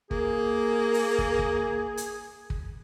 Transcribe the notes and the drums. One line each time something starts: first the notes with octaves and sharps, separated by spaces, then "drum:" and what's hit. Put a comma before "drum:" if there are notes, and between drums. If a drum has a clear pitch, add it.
A#3 G#4, drum: kick
drum: open hi-hat
drum: kick
drum: kick
drum: hi-hat
drum: kick